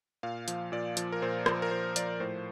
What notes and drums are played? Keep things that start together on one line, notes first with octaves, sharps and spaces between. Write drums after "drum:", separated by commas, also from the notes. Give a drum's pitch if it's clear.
A#2 F5
F3, drum: hi-hat
A#2 D5
F3, drum: hi-hat
A#4
A#2 C5
F3 C5, drum: rim click
A#4
A#2 C5
F3 D5, drum: hi-hat
A2 C5